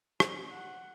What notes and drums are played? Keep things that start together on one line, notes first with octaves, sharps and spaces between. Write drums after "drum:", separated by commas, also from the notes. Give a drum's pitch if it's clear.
C#4, drum: rim click
F#5